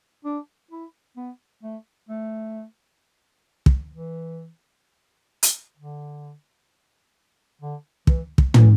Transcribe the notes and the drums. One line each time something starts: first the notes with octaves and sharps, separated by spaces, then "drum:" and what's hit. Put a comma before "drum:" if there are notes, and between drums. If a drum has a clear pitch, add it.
D4
E4
B3
A3
A3
drum: kick
E3
drum: hi-hat
D3
D3
E3, drum: kick
drum: kick
E3, drum: tom